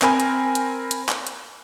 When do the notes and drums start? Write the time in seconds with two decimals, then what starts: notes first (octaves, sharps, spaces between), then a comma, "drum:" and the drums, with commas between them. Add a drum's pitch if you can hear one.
0.02 C4 A#4 G#5 B5, drum: clap
0.20 drum: hi-hat
0.55 drum: hi-hat
0.91 drum: hi-hat
1.09 drum: clap
1.27 drum: hi-hat